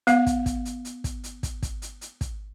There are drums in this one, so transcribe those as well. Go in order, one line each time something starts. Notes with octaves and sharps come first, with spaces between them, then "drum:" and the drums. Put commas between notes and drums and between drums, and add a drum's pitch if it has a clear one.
B3 F5, drum: hi-hat
drum: kick, hi-hat
drum: kick, hi-hat
drum: hi-hat
drum: hi-hat
drum: kick, hi-hat
drum: hi-hat
drum: kick, hi-hat
drum: kick, hi-hat
drum: hi-hat
drum: hi-hat
drum: kick, hi-hat